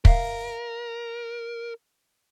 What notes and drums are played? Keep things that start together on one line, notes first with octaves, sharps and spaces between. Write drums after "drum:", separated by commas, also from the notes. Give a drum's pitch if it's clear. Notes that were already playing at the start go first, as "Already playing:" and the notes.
A#4 E5 F5, drum: kick